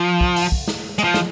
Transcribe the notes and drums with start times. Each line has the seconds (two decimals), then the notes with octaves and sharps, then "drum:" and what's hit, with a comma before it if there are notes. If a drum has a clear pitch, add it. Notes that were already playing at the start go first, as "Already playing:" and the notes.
Already playing: F3
0.21 drum: kick
0.36 drum: open hi-hat
0.52 drum: kick
0.68 drum: snare
0.98 G#3, drum: hi-hat
1.04 F3
1.14 drum: snare